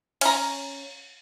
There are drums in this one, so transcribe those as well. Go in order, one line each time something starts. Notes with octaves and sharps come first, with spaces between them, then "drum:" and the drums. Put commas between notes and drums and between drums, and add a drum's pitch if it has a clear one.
C#4 A#5, drum: cymbal